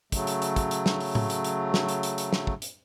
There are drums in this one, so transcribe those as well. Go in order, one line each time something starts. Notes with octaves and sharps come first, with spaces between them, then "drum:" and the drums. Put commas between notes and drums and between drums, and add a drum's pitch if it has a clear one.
C#3 F#3 A3, drum: kick, hi-hat
drum: hi-hat
drum: hi-hat
drum: kick, hi-hat
drum: hi-hat
drum: snare
drum: open hi-hat
drum: tom A2
drum: hi-hat
drum: hi-hat
drum: snare
drum: hi-hat
drum: hi-hat
drum: hi-hat
drum: snare
drum: kick
drum: hi-hat